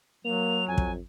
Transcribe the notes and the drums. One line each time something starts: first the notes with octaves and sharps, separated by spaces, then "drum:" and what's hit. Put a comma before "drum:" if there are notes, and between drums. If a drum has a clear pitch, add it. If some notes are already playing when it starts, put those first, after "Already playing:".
F#3 A#3 F7
F2 G#5
drum: kick